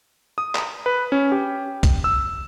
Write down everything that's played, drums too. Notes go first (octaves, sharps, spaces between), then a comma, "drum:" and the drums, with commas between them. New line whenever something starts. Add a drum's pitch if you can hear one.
D#6
drum: clap
B4
C#4
G4
drum: kick C2, hi-hat
E6